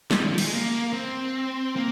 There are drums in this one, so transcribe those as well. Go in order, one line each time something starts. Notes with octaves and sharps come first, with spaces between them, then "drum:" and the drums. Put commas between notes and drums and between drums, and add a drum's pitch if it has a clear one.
G3, drum: snare
D#3
F3
G3, drum: cymbal
G#3
A#3
C4
A#3